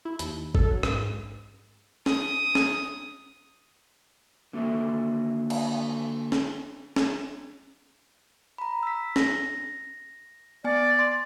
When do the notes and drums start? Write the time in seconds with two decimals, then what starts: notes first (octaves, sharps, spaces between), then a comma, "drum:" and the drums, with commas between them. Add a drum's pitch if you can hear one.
0.05 E4
0.19 D#2, drum: hi-hat
0.55 A4, drum: kick G#1
0.70 F#3
0.83 G#2, drum: rim click
2.06 D#6, drum: snare
2.55 drum: snare
4.53 D3 A#3 F#4 A4 E5
5.50 drum: cymbal
6.32 drum: snare
6.96 drum: snare
8.58 A#5 B5
8.83 E6 B6
9.16 A#6, drum: snare
10.64 B3 D5 G#5
10.99 C6